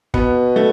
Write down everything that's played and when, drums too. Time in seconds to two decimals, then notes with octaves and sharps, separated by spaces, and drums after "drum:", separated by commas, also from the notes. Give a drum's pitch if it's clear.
0.14 B2 B3, drum: kick
0.56 A3